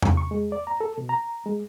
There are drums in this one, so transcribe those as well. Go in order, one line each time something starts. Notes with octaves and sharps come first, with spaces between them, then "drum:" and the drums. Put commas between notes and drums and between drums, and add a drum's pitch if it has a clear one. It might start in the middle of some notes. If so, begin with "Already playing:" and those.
drum: tom E2
C#6
G#3
D5
A#5
A4
B2
A#5
G#3